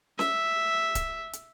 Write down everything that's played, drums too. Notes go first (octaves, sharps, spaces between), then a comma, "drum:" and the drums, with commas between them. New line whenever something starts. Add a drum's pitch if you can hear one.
E5, drum: snare C#4
drum: kick C#1, hi-hat
drum: hi-hat